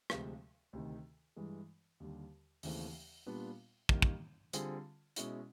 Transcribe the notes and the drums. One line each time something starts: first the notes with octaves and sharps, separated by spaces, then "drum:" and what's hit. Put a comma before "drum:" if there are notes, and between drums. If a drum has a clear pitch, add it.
D2 C3 F3 G#3, drum: rim click
D2 C3 D#3
G2 E3 G#3
D#2 D3 G3
D#2 C#3 E3 A3 C4, drum: open hi-hat
A#2 G3 B3 D4 F4
D#3 G3 A#3, drum: kick
drum: kick
D3 G3 C4 F4 G#4, drum: hi-hat
B2 G#3 C#4 E4, drum: hi-hat